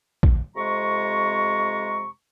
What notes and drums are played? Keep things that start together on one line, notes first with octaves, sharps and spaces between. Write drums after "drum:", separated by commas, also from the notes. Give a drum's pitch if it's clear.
drum: kick A#1
F2 C3 G#3 A#5 C#6